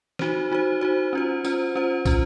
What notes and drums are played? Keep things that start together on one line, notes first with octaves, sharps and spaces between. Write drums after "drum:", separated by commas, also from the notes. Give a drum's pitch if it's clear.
D#4 F#4 C5, drum: snare E3
D#4 F#4 C5
D#4 F#4 C5
C#4 F4 C5
C#4 F4 C5, drum: tambourine
C#4 F4 C5
C#4 F4 C5, drum: kick, tambourine